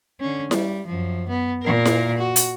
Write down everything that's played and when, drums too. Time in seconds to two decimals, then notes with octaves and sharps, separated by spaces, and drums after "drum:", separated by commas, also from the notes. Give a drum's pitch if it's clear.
0.20 D3 C#4
0.51 G3, drum: snare E4
0.86 F#2 F3
1.29 B3
1.62 A#2 A#4
1.85 drum: snare E4
2.18 F#4
2.36 drum: hi-hat